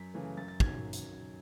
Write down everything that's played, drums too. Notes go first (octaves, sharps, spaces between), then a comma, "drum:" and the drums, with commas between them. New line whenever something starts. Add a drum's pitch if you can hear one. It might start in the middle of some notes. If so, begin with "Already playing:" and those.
Already playing: F#2 B6
C#3 E3 A3
F#2 A6
A6
D#3 F#3 G#6, drum: kick
drum: hi-hat